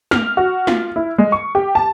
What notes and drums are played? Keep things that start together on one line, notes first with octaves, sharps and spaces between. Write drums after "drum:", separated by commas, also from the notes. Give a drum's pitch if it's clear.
F6, drum: snare
F#4
F4, drum: snare
E4
G#3
C#6
G4
A5